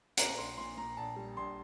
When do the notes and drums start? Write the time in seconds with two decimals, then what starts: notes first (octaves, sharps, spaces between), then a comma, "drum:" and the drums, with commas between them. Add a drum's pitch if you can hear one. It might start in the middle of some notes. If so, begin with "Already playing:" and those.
0.17 A#1 A#5, drum: hi-hat
0.38 A#1 C6
0.57 A#2 C6
0.77 A#2 A#5
0.97 A#1 A5
1.16 G3
1.37 A#1 C6